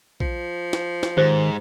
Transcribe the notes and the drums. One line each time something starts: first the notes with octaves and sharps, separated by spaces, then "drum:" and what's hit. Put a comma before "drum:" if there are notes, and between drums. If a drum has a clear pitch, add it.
F3, drum: kick A#1
drum: snare
drum: snare
G#2 D#3 G4 C5